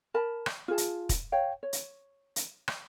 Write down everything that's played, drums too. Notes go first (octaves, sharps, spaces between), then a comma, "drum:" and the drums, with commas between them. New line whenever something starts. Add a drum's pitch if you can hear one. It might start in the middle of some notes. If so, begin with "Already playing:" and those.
A#4 A5 B5
drum: rim click
F4 G#4 A5
drum: hi-hat
drum: kick, hi-hat
C#5 F5 G5
C#5
drum: hi-hat
drum: hi-hat
drum: rim click